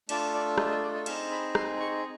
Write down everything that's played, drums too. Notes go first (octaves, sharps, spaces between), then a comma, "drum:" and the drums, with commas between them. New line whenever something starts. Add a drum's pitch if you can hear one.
A3 D4 F4 A4 D5, drum: cymbal
D5
D#5, drum: rim click
D#5
D5
D#5
C4 D#4 G#4 F5, drum: cymbal
B5
C6, drum: rim click
C#6